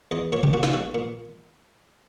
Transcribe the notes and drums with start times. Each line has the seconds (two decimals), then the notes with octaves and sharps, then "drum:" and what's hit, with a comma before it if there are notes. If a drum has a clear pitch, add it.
0.11 E2 D#5
0.32 A#2 C#5
0.43 G4, drum: tom C3
0.53 A#2 F#4
0.63 F4, drum: snare
0.73 B1 F#4
0.95 A#2